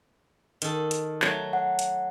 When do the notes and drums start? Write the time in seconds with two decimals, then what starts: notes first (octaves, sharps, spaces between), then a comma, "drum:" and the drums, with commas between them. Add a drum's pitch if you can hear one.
0.62 D#3 A4, drum: hi-hat
0.91 drum: hi-hat
1.22 F#3 A3, drum: clap
1.53 F#5
1.79 drum: hi-hat